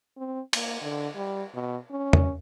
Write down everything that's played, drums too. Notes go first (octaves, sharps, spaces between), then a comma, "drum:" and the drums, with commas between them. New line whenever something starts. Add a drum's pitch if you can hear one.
C4
A#3, drum: cymbal
D3
G3
B2
C#4
drum: tom E2